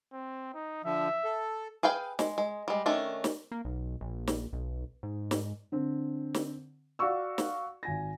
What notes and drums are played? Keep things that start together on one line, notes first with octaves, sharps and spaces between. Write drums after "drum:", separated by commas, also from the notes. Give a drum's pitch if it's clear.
C4
D#4
D3 F3 E5
A4
G#4 B4 F5 G5 G#5
G#3, drum: snare
G#3
G3 G#3
D#3 A3 C#4 D4
drum: snare
A#3
B1
A#1
drum: snare
B1
G#2
drum: snare
D3 C4
drum: snare
F#4 D5 F5 C#6 E6
drum: snare
G#1 G#5 A#6